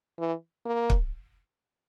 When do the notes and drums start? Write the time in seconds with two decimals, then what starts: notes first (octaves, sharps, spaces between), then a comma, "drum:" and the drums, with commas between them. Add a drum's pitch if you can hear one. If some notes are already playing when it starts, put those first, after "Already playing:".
0.19 E3
0.66 A#3
0.90 drum: kick